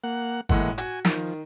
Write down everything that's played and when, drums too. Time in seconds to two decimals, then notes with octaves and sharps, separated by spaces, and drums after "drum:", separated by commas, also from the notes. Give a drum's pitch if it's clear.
0.04 A#3 F#5
0.49 A2 E3 G#3 A#3 F#5, drum: kick
0.78 F#4 G#5, drum: hi-hat
1.05 D#3 F3, drum: snare